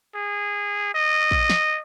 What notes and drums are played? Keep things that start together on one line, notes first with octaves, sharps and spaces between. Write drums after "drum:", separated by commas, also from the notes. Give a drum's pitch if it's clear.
G#4
D#5
drum: kick
drum: snare